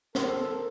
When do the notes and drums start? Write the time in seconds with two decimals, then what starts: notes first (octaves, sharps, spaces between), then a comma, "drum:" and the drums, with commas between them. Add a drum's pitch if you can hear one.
0.15 A#4 C5, drum: snare
0.27 A4
0.39 A4
0.52 A#4